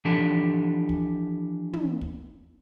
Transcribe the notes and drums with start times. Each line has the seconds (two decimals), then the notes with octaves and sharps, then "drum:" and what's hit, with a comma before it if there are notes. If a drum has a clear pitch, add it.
0.05 E3 F3 D4 G4 A4
0.89 drum: kick
1.73 drum: tom
2.01 drum: kick